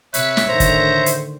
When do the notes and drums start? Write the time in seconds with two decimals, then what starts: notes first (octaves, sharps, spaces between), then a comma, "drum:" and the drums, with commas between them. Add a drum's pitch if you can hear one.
0.14 C3 B4 C#5 E5, drum: hi-hat
0.37 drum: snare
0.49 A2 D3 D#3 C5 A#5
0.60 drum: kick, hi-hat
1.06 drum: hi-hat